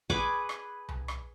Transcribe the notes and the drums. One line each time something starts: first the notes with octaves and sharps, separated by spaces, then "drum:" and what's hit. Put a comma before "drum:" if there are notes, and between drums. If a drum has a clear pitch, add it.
G#4 B4 C#6 D6, drum: kick
drum: rim click
drum: tom C2
drum: rim click